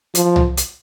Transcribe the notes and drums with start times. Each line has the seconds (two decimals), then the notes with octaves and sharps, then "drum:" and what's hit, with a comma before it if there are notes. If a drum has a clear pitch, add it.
0.15 F3, drum: hi-hat
0.36 drum: tom C2
0.57 drum: hi-hat